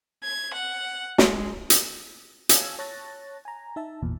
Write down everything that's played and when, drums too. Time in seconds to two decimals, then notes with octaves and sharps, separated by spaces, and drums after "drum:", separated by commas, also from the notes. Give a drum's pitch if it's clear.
0.24 G#6
0.54 F#5
1.18 G#3, drum: snare
1.70 drum: hi-hat
2.49 C#5 F5 G#5 A5 E6 G#6, drum: hi-hat
2.79 C#5 A5 C#6 F#6 A6 A#6
3.45 G#5 A#5
3.76 D#4 E5 A5
4.01 G#1 E2 A#2